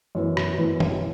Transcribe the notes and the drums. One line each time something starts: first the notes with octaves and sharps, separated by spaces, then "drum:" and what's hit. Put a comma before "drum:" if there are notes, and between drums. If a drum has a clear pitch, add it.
F#2 E3 B3
drum: rim click
F#2 E3 B3
drum: tom